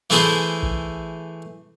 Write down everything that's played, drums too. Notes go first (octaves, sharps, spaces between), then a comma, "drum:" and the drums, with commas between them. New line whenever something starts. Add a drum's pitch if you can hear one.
E3 A3 E4 G#4 C5
drum: kick A#1